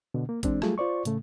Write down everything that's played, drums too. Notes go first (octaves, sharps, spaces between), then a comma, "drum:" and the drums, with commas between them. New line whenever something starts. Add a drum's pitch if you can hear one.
B2 D3
A#3
E3 G#3 C4 D4, drum: kick, hi-hat
F#3 G3 A3 F4 G#4, drum: rim click
F4 C5 D5 C#6
A2 C#3 A3, drum: hi-hat